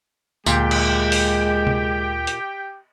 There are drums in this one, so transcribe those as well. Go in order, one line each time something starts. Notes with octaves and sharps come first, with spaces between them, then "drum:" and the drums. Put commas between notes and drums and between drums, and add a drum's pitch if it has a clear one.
D2 A#2 G#3 G4 G5, drum: tambourine
drum: cymbal
drum: open hi-hat
drum: tom C3
drum: hi-hat